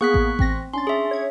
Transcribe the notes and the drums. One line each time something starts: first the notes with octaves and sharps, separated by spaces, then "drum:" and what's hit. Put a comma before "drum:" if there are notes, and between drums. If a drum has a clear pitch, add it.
A#3 B3 G#4 C#6 F#6 B6
drum: kick A1
A1 C4 A#6, drum: kick A1
C#4 D4 C6 A6
G#4 E5
C#5 G#6